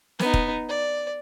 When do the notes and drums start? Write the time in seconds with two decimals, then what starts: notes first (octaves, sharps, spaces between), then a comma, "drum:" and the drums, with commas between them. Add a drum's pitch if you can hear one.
0.19 B3 D#4, drum: snare
0.34 drum: kick
0.69 D5